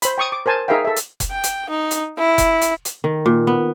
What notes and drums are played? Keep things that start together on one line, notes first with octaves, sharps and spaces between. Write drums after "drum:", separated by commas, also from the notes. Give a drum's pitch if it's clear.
C5 B5, drum: hi-hat
G5 C#6 D#6
D6
A#4 C5 G#5 A5
D#4 G#4 A#4 E5 F5 G5
A4 E5
drum: hi-hat
drum: kick F1, hi-hat
G5
drum: hi-hat
D#4
drum: hi-hat
E4
drum: kick F1, hi-hat
drum: hi-hat
drum: hi-hat
D#3
A#2
B3